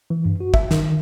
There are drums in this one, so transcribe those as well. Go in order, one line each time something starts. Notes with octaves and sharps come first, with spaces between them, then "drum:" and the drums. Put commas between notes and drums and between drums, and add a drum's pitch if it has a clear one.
E3
G2
F#4
E5, drum: kick G#1
D#3, drum: snare